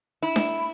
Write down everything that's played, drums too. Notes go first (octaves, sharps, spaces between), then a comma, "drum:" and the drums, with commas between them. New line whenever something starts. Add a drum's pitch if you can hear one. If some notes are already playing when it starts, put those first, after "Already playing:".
E4
drum: snare D4